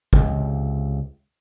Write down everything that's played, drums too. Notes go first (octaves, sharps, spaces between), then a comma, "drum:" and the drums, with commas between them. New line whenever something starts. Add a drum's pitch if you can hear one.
C#2 C3, drum: kick